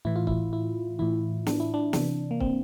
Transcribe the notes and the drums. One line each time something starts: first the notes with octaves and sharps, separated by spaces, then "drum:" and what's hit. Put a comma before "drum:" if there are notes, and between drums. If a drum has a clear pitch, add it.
A2 E3 E4
F4
E4, drum: kick C#1
E4
A2 E3 E4
D4, drum: snare
E4
D4
C3 E3 D4, drum: snare
A#3
C4, drum: kick C#1